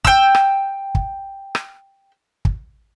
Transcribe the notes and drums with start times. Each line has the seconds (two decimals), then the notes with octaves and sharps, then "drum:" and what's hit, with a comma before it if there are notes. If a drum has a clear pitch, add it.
0.05 G5 E6, drum: kick
0.35 drum: rim click
0.95 drum: kick
1.55 drum: rim click
2.45 drum: kick